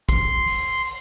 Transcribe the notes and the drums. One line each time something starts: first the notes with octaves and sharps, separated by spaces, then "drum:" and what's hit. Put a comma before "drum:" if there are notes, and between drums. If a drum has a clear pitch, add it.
C6, drum: kick, hi-hat
drum: open hi-hat
drum: open hi-hat